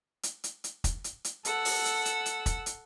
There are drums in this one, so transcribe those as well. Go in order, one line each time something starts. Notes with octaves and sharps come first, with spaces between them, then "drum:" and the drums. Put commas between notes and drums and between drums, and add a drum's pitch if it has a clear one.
drum: hi-hat
drum: hi-hat
drum: hi-hat
drum: kick, hi-hat
drum: hi-hat
drum: hi-hat
A4 F#5 E6, drum: hi-hat
drum: open hi-hat
drum: hi-hat
drum: hi-hat
drum: hi-hat
drum: kick, hi-hat
drum: hi-hat